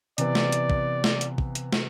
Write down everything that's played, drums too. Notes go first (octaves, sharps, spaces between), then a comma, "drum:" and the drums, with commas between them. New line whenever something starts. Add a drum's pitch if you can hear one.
C3 E3 B3 D5, drum: hi-hat
drum: snare
drum: hi-hat
drum: kick
drum: snare
drum: hi-hat
drum: kick
drum: hi-hat
drum: snare